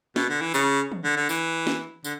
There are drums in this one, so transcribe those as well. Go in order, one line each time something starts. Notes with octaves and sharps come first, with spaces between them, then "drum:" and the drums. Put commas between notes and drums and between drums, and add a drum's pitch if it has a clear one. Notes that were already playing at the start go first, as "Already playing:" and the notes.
B2, drum: snare
D3
E3
C#3, drum: tambourine
drum: tom
D3
D3
E3, drum: tambourine
drum: snare
D3, drum: tambourine